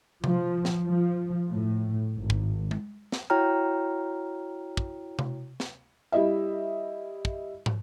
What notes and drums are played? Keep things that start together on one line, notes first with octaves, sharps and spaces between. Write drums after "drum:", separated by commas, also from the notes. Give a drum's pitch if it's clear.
F3, drum: tom C3
drum: snare
F3
A2
G#1
drum: kick
drum: tom G#3
drum: snare
E4 F#4 C#5 G5 A#5 F6
drum: kick
drum: tom C3
drum: snare
G3 E4 D#5 E5
drum: kick
drum: tom